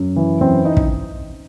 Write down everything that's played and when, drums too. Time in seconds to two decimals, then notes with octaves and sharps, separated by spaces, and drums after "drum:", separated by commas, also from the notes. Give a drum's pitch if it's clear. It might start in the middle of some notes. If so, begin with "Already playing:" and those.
Already playing: F#2
0.16 E3
0.41 F#2 C4
0.65 D#4
0.77 drum: kick